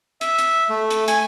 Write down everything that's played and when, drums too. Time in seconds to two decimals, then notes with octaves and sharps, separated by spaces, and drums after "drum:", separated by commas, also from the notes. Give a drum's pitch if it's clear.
0.21 E5, drum: hi-hat
0.38 drum: hi-hat
0.69 A3
0.90 drum: hi-hat
1.08 G#5, drum: hi-hat